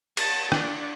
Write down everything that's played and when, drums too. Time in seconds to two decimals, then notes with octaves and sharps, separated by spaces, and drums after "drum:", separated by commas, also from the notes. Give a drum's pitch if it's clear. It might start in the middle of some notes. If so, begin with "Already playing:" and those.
0.17 A5, drum: cymbal
0.52 D4, drum: rim click